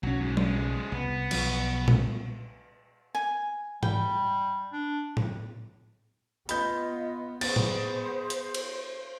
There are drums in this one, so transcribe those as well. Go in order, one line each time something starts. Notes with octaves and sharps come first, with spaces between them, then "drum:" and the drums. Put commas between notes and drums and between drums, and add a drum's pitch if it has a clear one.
B1 F#3 C#4
G#2
F3 G#3, drum: tom F#3
C2 B3
B1 B2 F3, drum: cymbal
drum: tom A#2
G#5
G3 G5, drum: tom G#2
D4
drum: tom A2
B3 F4 D#5 B5 G6, drum: hi-hat
B3 G#4 C5 A6, drum: cymbal
drum: tom A2
drum: hi-hat
drum: cymbal